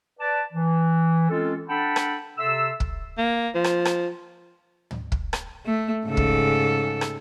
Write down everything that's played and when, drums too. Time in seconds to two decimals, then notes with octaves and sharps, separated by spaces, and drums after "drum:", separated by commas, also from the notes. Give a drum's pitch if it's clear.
0.20 B4 D5 A5
0.53 E3
1.30 G#3 C4 C#4 F4 A4
1.68 D4 A4 F#5 G5 A5 B5
1.96 drum: rim click
2.38 C3 A4 E5 C6 E6
2.80 drum: kick
3.18 A#3
3.55 F3
3.64 drum: rim click
3.85 drum: rim click
4.91 drum: tom
5.12 drum: kick
5.33 drum: rim click
5.66 A3
6.06 G#2 C#3 A4
6.17 drum: kick
7.01 drum: rim click